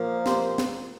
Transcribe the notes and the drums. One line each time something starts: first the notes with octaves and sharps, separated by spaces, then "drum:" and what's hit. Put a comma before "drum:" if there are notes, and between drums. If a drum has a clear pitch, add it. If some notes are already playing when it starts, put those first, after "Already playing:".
Already playing: A#2 F3 A#3
G4 C5, drum: snare
drum: snare